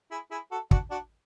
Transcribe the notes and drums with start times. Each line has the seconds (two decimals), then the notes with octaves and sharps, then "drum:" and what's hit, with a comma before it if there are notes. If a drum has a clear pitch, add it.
0.11 E4 G#4
0.31 E4 G#4
0.51 F#4 A4
0.71 D4 F#4, drum: kick
0.90 D4 F#4